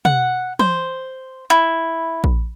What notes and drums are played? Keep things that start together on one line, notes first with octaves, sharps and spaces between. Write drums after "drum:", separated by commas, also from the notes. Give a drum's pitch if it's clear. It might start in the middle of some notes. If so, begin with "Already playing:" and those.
F#5, drum: tom
C5, drum: tom
E4
drum: kick A#1